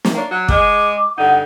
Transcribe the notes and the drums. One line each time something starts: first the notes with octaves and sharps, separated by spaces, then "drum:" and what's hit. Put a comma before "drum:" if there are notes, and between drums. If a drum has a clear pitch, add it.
drum: snare
A#3 D4 C#5
F#3 F#5
G#3 D6, drum: kick
G2 D3 D#4 F#5